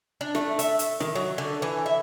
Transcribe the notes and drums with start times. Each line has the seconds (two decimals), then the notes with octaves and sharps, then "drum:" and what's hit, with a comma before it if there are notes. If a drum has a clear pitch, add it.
0.21 D4
0.35 A3, drum: rim click
0.59 E5, drum: hi-hat
0.79 drum: hi-hat
1.00 D#3, drum: rim click
1.15 F#3
1.38 D3
1.62 E3
1.86 E5